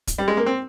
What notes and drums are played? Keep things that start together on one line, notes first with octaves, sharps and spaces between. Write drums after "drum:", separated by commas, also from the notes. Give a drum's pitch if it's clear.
drum: kick, hi-hat
G3
G#3
A#3
C4